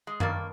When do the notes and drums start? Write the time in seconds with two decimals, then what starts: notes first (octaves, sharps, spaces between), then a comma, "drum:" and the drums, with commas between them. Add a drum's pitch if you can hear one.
0.07 G#3
0.20 G2 D#3 A#3, drum: tom F#2